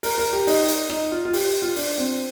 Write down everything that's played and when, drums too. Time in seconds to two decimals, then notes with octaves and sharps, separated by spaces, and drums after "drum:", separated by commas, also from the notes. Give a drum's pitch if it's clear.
0.03 A#4, drum: open hi-hat
0.18 A#4
0.33 G4
0.47 D#4, drum: open hi-hat
0.68 drum: hi-hat
0.89 D#4, drum: rim click
1.12 F4
1.25 F4
1.33 G4, drum: open hi-hat
1.62 F4
1.76 D4, drum: open hi-hat
1.98 C4